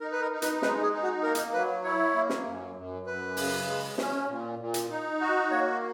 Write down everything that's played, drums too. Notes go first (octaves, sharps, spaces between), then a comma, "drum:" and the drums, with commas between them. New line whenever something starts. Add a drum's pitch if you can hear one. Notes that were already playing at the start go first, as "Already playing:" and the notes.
D#4 A#4
B4
A#4
D#4
B4, drum: hi-hat
G#3 B4, drum: snare
G#4
D#4
F#4
A#3 A#4
drum: hi-hat
F#3 B4
E4 C#5
A#3
drum: snare
F#2
F#2
F#2 B4
C#3, drum: open hi-hat
G#3
C#4, drum: snare
A#2
A#2
drum: hi-hat
D#4
F#4
A#3 C#5